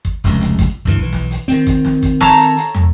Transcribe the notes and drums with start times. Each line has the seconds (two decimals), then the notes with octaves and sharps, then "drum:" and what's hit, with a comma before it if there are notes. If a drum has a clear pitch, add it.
0.05 drum: kick
0.24 F1 C#2, drum: hi-hat
0.41 drum: hi-hat
0.59 drum: kick, hi-hat
0.85 D2 G2 E3
0.98 B1 E3
1.13 drum: snare
1.31 drum: hi-hat
1.48 D#3 C4, drum: hi-hat
1.67 drum: kick, hi-hat
1.85 drum: snare
2.03 drum: kick, hi-hat
2.21 A4 C#5 A#5, drum: snare
2.39 drum: hi-hat
2.57 drum: hi-hat
2.75 drum: tom